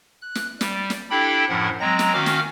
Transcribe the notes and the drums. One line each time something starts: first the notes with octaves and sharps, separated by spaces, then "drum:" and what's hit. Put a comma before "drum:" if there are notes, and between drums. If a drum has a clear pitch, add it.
F#6
drum: snare
G3, drum: snare
drum: snare
D4 E4 G4 A4 G5 B5
F#2 A2 F3 A#4 F#5
F#3 G#3 C4 A#5 A#6
drum: snare
D#3 C#4 F#4 F5 D6 F6
drum: snare